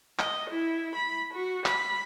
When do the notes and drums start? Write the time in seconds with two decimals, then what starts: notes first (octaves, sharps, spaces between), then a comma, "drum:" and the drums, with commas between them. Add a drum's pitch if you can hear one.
0.19 D#5, drum: clap
0.50 E4
0.95 B5
1.33 F#4
1.66 B5, drum: clap